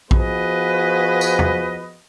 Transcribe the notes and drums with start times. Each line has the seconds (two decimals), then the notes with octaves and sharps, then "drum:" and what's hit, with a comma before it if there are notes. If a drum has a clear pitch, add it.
0.11 F3 B3 F#4 G#4 B4 D#5, drum: kick A#1
1.21 drum: tambourine
1.39 drum: tom